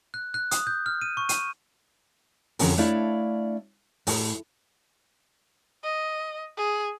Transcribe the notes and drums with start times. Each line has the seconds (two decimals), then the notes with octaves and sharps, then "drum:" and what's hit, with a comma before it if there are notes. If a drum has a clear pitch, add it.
0.14 F#6
0.34 F#6
0.51 D#6, drum: hi-hat
0.67 G6
0.86 F6
1.02 D#7
1.17 C#6
1.29 D#7, drum: hi-hat
2.59 F2 D3 C#4 F#4 A#4, drum: open hi-hat
2.78 A3 D4 E4 C#5 D5 F5
4.07 A2, drum: open hi-hat
5.84 D#5
6.57 G#4